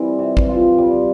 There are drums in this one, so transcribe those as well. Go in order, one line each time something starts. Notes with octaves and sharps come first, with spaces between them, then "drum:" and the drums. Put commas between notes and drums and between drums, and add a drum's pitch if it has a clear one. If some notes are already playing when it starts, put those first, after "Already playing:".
Already playing: E3 G3 C4
C3
drum: kick A1
F4
G3